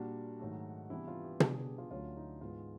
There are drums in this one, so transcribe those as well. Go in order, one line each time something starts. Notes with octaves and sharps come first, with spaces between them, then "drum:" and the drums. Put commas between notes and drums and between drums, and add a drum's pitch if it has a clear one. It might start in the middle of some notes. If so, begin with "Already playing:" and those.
Already playing: A#2 G3 A#3 D4 F#4
G#2 D#3 F#3 A3
C3 E3 G3 B3 D4 E4
F4
G4
B2 G3 B3 D4 G4, drum: tom
G#4
G4
F4
D2 D3 F#3 A3 C#4 F4
D#4
G#2 E3 G#3 B3 F4